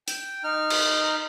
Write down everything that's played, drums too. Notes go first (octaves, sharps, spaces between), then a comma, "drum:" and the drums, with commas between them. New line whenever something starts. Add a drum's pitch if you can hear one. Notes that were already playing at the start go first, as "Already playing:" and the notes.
G5, drum: hi-hat
D#4 F6
drum: cymbal